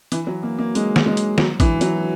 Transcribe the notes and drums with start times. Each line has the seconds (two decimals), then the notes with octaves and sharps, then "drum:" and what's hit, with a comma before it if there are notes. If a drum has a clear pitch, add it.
0.12 E3, drum: hi-hat
0.27 F#3
0.43 A#3
0.58 A#3
0.75 G#3, drum: hi-hat
0.96 drum: snare
1.06 G#3
1.17 drum: hi-hat
1.38 F#3, drum: snare
1.60 E3, drum: kick, hi-hat
1.81 F#3, drum: hi-hat